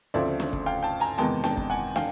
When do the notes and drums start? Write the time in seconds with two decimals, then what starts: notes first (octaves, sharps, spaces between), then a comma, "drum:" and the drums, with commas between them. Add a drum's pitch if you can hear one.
0.14 D2 C#3 F3 A3 C4 D5 E5
0.40 drum: snare
0.53 drum: kick
0.66 F5 G5
0.83 G5 A5
1.00 G#5 A#5
1.18 E2 C3 D#3 G#3 B3 G5 A5
1.44 G5 A5, drum: snare
1.57 drum: kick
1.70 F#5 G#5
1.96 F5 G5, drum: snare